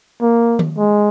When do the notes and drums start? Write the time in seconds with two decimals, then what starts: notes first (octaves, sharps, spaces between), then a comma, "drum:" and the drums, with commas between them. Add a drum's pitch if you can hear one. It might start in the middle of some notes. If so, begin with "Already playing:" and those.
0.21 A#3
0.59 drum: tom D#3
0.78 G#3